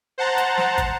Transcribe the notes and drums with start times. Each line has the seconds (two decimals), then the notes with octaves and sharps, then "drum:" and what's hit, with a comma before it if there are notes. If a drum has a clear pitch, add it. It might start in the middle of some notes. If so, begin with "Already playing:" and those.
0.18 C5 F#5 A5 A#5
0.38 drum: hi-hat
0.58 drum: snare
0.78 drum: kick, hi-hat